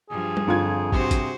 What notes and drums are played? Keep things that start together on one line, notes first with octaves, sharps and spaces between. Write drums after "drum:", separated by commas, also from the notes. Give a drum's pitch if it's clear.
G2 F3 G#4
drum: tom G3
G1 F2 F4 G#6
C3 F#4 C5, drum: kick
drum: kick, hi-hat